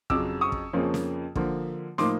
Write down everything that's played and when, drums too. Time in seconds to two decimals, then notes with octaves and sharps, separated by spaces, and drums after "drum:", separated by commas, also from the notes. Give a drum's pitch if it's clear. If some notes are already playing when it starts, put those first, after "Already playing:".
0.10 F2 C#3 F#3 D6 E6, drum: kick
0.41 C#6 D#6
0.52 drum: kick
0.73 F2 C#3 F3 A#3 C#4
0.94 drum: snare
1.36 D3 F3 A#3, drum: kick
1.98 A2 F3 A#3 D#4 C6 D6, drum: snare